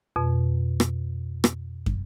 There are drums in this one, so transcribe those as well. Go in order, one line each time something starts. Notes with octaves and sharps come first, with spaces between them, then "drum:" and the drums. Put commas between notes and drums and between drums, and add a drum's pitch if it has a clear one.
F2 B2
drum: rim click
drum: rim click
drum: kick